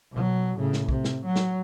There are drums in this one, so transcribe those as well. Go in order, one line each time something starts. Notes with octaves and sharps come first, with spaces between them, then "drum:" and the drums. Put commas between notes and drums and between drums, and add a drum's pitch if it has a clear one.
B2 F#3
A2 C#3
drum: snare
C3, drum: kick
drum: snare
F#3
drum: snare